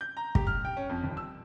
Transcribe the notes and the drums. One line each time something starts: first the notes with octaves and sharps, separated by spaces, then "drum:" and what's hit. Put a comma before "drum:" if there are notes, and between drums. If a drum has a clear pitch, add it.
G6
A#5
G4, drum: kick
F6
G5
C#4
F2
D#1
E6